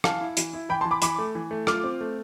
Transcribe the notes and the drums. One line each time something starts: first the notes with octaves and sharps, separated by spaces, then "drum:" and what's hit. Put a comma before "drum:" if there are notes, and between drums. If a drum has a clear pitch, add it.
E3 F5 A5, drum: rim click
E4
E3, drum: hi-hat
E4
E3 G5 B5
A5 C6
E3
B5 D6
E3 B5 D6, drum: hi-hat
A3
E3
A3
F4 D6 F6, drum: rim click
C4
A3